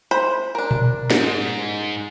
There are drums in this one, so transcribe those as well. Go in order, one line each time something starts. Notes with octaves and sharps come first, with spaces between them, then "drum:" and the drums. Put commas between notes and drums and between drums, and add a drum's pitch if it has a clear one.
C5 B5
D4 A#4
drum: tom A#2
G#2, drum: snare